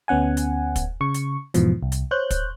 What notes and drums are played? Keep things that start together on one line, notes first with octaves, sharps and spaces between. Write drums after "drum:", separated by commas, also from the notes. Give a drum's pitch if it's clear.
D2 B3 C#4 F#5 G#5
drum: hi-hat
drum: kick, hi-hat
C#3 C#6
drum: hi-hat
E2 G#2 B2 E3 F3, drum: hi-hat
C2
drum: hi-hat
C5 C#5 F#6 G6
drum: kick, hi-hat